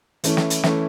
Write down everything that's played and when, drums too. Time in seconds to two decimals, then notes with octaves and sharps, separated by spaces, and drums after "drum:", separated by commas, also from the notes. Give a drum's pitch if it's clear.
0.24 E3 A3 C#4 E4, drum: hi-hat
0.37 drum: snare
0.50 drum: hi-hat
0.63 E3 A3 C#4 E4, drum: snare